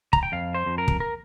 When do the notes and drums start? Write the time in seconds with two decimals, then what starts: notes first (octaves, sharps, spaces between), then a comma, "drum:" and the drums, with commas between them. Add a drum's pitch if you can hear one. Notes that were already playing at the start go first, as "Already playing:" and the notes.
0.13 A#5, drum: kick
0.23 G5
0.32 F2 F5
0.54 C5
0.66 F2
0.78 A#4
0.88 drum: kick
1.00 A#4